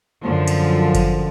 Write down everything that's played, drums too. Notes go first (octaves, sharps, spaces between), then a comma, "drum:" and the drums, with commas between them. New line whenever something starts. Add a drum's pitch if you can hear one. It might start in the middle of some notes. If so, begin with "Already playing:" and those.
F#2 D3 F3
drum: cymbal
drum: kick G1, cymbal